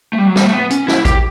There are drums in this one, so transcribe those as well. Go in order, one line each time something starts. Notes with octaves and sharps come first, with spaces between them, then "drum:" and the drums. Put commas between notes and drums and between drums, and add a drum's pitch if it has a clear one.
A3
G3
F#3
G3, drum: snare
A3
B3
C#4, drum: hi-hat
E4, drum: snare
G4, drum: kick A1, hi-hat